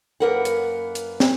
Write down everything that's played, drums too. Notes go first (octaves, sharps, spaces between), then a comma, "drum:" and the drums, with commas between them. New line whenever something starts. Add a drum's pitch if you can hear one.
F#2 A#3 A#4 B4 F#5
drum: hi-hat
drum: hi-hat
drum: snare